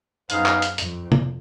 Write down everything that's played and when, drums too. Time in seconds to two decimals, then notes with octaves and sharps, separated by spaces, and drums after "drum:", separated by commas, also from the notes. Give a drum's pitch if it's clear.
0.30 F#2 B3 D#4 G#4 C5 F5, drum: hi-hat
0.46 drum: clap
0.62 drum: hi-hat
0.78 F2, drum: hi-hat
1.12 drum: tom